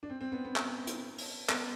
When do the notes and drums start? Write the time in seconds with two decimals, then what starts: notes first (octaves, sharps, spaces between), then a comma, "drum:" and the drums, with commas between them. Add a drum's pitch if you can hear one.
0.03 D4
0.10 C4
0.21 C4
0.32 B3
0.45 B3
0.56 drum: clap
0.87 drum: hi-hat
1.18 drum: open hi-hat
1.49 B3, drum: clap